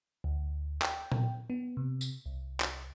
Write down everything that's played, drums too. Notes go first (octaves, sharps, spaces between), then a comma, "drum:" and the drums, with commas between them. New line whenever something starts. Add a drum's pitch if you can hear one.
D2
G5, drum: clap
drum: tom A#2
B3
C3
drum: tambourine
C2
drum: clap